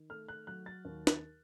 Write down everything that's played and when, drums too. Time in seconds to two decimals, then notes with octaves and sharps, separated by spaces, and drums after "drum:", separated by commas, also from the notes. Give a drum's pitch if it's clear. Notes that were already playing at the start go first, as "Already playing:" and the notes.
Already playing: D#3
0.10 A3 F6
0.29 F#6
0.47 F#3 F#6
0.66 A6
0.85 D#2
1.07 drum: snare